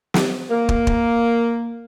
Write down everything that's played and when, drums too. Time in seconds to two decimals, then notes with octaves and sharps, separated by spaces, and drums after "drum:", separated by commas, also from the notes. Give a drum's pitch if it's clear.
0.14 drum: snare
0.51 A#3
0.69 drum: kick
0.87 drum: kick